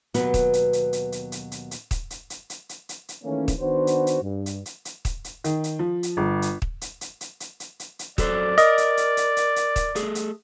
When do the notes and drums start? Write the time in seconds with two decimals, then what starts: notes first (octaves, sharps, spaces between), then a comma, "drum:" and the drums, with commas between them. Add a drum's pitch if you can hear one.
0.14 D#2 B2 F#3 B3 F#4 B4, drum: hi-hat
0.34 drum: kick, hi-hat
0.53 drum: hi-hat
0.73 drum: hi-hat
0.93 drum: hi-hat
1.12 drum: hi-hat
1.32 drum: hi-hat
1.52 drum: hi-hat
1.71 drum: hi-hat
1.91 drum: kick, hi-hat
2.10 drum: hi-hat
2.30 drum: hi-hat
2.50 drum: hi-hat
2.69 drum: hi-hat
2.89 drum: hi-hat
3.09 drum: hi-hat
3.24 D#3 E3 A3 A#3 C#4
3.48 drum: kick, hi-hat
3.60 D#3 B3 D4 F#4 C5
3.87 drum: hi-hat
4.07 drum: hi-hat
4.22 G2
4.46 drum: hi-hat
4.66 drum: hi-hat
4.85 drum: hi-hat
5.05 drum: kick, hi-hat
5.24 drum: hi-hat
5.44 D#3, drum: hi-hat
5.64 drum: hi-hat
5.79 F3
6.03 drum: hi-hat
6.17 G1
6.42 drum: hi-hat
6.62 drum: kick
6.81 drum: hi-hat
7.01 drum: hi-hat
7.21 drum: hi-hat
7.40 drum: hi-hat
7.60 drum: hi-hat
7.80 drum: hi-hat
7.99 drum: hi-hat
8.18 F#3 A4 C5 D5, drum: kick, hi-hat
8.58 A#4 D#5, drum: hi-hat
8.78 drum: hi-hat
8.97 drum: hi-hat
9.17 drum: hi-hat
9.37 drum: hi-hat
9.56 drum: hi-hat
9.76 drum: kick, hi-hat
9.95 A3 G#4, drum: hi-hat
10.15 drum: hi-hat